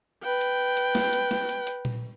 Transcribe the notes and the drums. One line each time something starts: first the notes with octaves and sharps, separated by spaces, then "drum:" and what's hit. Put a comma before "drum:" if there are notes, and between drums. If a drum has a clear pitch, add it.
B4 G5
drum: hi-hat
drum: hi-hat
drum: snare
drum: hi-hat
drum: snare
drum: hi-hat
drum: hi-hat
drum: tom A#2